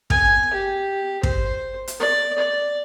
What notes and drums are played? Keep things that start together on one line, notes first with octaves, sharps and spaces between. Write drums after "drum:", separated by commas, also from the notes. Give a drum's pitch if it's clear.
G#5, drum: kick
G4
C5, drum: kick
drum: hi-hat
D5
D5